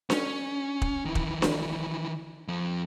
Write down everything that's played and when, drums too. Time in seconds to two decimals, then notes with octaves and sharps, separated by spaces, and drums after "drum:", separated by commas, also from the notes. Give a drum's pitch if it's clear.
0.10 C#4, drum: snare D4
0.82 drum: kick
1.06 D#3 E3
1.15 drum: kick
1.42 drum: snare D4
2.48 F2 F3